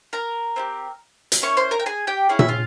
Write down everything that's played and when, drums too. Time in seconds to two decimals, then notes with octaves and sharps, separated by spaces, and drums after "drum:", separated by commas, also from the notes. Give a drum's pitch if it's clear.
0.13 A#4 A#5
0.56 C4 E4 G4
1.32 drum: hi-hat
1.42 A#3 C#4 E4 C#5 C#6
1.57 C5 C6
1.71 A#4 A#5
1.80 G5
1.86 G#4 G#5
2.07 G4 G5
2.29 C#4 E4 G#4 F5
2.39 E5, drum: tom A#2
2.49 F4 F5